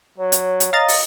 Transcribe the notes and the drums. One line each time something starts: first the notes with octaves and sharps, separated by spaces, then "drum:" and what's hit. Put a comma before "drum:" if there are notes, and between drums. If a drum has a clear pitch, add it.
F#3 C#5
drum: hi-hat
drum: hi-hat
D#5 F5 A#5 A6
drum: open hi-hat